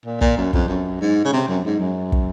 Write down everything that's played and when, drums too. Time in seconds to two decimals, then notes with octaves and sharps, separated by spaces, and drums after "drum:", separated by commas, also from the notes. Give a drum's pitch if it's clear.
0.05 A#2
0.21 A#2, drum: kick
0.37 F#2
0.53 F2, drum: kick
0.68 F#2
1.01 G#2
1.25 C#3
1.33 C3
1.48 F#2
1.65 G#2
1.80 F#2
2.12 drum: kick